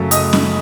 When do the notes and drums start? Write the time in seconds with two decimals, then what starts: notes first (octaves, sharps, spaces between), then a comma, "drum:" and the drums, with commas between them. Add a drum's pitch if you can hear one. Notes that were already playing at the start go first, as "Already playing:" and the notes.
Already playing: F#2 C#3 F#3 A3
0.11 D#5 D#6, drum: hi-hat
0.33 drum: snare C#4